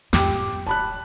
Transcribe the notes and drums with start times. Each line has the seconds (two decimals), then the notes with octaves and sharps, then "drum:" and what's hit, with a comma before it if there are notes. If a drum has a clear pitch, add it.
0.13 F2 A2 G4 G5 D6, drum: snare
0.67 D1 A5 B5 F#6